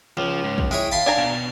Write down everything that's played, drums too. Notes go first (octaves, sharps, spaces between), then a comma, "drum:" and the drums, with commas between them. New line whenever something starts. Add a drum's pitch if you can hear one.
C#2 F3
G#2
drum: kick
G#3 E4 C#5 G5
F5 A5 B5 C6
D4 G#5 A#5
B2